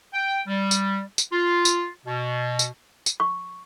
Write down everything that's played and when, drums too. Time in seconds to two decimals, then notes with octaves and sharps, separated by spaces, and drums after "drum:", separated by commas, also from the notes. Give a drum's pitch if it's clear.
0.14 G5
0.48 G3
0.71 drum: tambourine
1.18 drum: tambourine
1.32 F4
1.65 drum: tambourine
2.06 B2
2.59 drum: tambourine
3.06 drum: tambourine
3.20 C#6